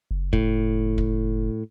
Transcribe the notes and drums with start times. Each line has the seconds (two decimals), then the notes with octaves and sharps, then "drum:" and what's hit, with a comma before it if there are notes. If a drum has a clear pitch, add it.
0.11 F#1
0.33 A2, drum: kick
0.98 drum: kick